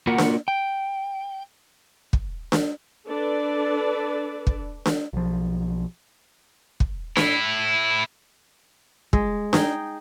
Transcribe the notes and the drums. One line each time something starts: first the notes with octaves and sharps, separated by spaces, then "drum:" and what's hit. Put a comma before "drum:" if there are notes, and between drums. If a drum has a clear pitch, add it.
A#3 F4 F#4 A#4 F#5
drum: snare D4
G5
drum: kick
drum: snare D4
D4 A4 B4 D5
drum: kick
drum: snare D4
B1 F3
drum: kick
A2 E4, drum: snare D4
G#3, drum: kick
D#4 G#4 G5, drum: snare D4